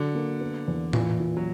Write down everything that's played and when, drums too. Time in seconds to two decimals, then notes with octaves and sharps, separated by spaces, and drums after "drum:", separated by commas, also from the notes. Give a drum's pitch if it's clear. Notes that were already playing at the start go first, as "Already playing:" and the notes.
Already playing: D3 F#3
0.15 A#3
0.41 B3
0.68 E2
0.93 A#2 E3, drum: tom A2
1.20 A#2
1.37 F#3